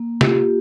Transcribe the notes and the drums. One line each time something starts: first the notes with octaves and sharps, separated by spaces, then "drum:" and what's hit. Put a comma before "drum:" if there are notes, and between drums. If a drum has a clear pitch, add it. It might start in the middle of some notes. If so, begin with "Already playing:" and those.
Already playing: A#3
F4 G4, drum: snare